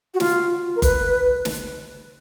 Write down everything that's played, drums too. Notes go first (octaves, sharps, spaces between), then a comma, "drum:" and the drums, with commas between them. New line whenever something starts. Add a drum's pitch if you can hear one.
F#4
F4, drum: snare
A#4
B4, drum: kick F#1, hi-hat
drum: snare